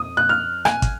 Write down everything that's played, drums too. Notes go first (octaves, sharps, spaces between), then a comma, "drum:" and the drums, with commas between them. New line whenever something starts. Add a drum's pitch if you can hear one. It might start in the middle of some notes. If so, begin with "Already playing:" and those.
Already playing: F2 D#6
F#6
F6
G#5, drum: rim click
drum: kick, hi-hat